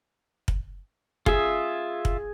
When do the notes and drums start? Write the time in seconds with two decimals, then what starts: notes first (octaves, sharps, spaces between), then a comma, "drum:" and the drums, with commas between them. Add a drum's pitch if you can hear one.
0.48 drum: kick
1.26 F4 G#4 E5, drum: kick
2.05 drum: kick